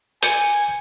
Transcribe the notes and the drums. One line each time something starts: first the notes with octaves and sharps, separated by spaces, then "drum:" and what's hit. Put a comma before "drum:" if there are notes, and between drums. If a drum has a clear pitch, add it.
G#5 G6 C#7, drum: hi-hat